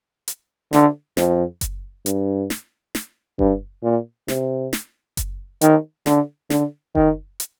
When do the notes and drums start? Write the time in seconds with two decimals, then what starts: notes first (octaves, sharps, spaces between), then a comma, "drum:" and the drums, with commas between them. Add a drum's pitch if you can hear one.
0.28 drum: hi-hat
0.73 D3, drum: snare
1.17 F2, drum: snare
1.61 drum: kick F#1, hi-hat
2.06 G2, drum: hi-hat
2.50 drum: snare
2.95 drum: snare
3.39 G2, drum: kick F#1
3.83 A#2
4.28 C3, drum: snare
4.73 drum: snare
5.17 drum: kick F#1, hi-hat
5.61 D#3, drum: hi-hat
6.06 D3, drum: snare
6.50 D3, drum: snare
6.95 D#3, drum: kick F#1
7.40 drum: hi-hat